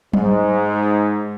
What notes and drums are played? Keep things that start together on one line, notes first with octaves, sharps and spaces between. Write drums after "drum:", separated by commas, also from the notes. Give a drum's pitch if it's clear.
G#2, drum: tom F#3